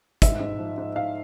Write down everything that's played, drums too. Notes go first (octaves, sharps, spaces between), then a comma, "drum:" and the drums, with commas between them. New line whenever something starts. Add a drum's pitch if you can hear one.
G#2 E5, drum: kick, hi-hat
G#2
F3
G#2
G#2 F5